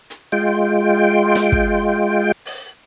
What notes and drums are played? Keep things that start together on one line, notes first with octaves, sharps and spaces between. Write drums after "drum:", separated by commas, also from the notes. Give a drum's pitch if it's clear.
drum: hi-hat
G#3 F4 G5
drum: snare
drum: kick
drum: open hi-hat